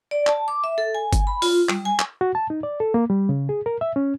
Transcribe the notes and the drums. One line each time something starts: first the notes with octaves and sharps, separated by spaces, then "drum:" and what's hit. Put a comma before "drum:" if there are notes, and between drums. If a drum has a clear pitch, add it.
D5
A5, drum: clap
D6
E5
A4
G#5
drum: kick G1, hi-hat
B5
F4, drum: open hi-hat
G3, drum: clap
G#5
drum: clap
F#4
A5
D#4
D5
A4
A#3
G3
C#3
G#4
A#4
E5
C#4